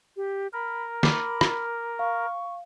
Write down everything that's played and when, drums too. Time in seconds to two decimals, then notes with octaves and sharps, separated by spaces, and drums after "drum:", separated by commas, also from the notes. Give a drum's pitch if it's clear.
0.17 G4
0.53 A#4 B5
1.03 B5 D6, drum: snare
1.41 drum: rim click
1.99 F5 C#6